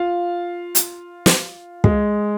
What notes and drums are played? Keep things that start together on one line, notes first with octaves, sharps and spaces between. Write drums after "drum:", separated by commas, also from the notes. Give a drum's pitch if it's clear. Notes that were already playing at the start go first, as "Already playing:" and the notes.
Already playing: F4 F5
drum: hi-hat
drum: snare
G#3 G#4, drum: kick